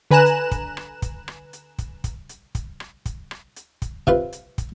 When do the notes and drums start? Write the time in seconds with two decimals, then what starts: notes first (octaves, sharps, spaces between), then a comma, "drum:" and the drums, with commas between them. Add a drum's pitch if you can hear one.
0.11 D3 B4 G#5 A#5 F#6 E7
0.26 drum: hi-hat
0.51 drum: kick, hi-hat
0.77 drum: rim click
1.02 drum: kick, hi-hat
1.28 drum: rim click
1.53 drum: hi-hat
1.78 drum: kick, hi-hat
2.04 drum: kick, hi-hat
2.29 drum: hi-hat
2.55 drum: kick, hi-hat
2.80 drum: rim click
3.06 drum: kick, hi-hat
3.31 drum: rim click
3.56 drum: hi-hat
3.82 drum: kick, hi-hat
4.07 C3 F4 B4, drum: kick
4.33 drum: hi-hat
4.58 drum: kick, hi-hat